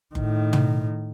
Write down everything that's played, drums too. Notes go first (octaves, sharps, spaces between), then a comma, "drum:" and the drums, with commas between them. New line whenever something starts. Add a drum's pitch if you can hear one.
A2 D#3, drum: kick F#1
drum: tom